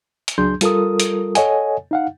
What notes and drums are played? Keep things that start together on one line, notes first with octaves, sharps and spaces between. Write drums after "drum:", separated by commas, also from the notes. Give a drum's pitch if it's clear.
drum: hi-hat
C#2 F#3 D4 G#4 C6 G6
G3 F4 A4 A#4 D#6, drum: hi-hat
drum: hi-hat
A4 C#5 D#5 F#5 G#5, drum: hi-hat
D#4 F5 F#5